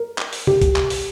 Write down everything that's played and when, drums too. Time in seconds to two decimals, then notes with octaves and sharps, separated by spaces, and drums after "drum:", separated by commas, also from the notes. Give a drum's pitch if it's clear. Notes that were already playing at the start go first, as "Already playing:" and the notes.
Already playing: A#4
0.18 drum: clap
0.33 drum: open hi-hat
0.47 G4, drum: tom C3
0.62 drum: kick C2, hi-hat
0.76 drum: clap
0.90 drum: open hi-hat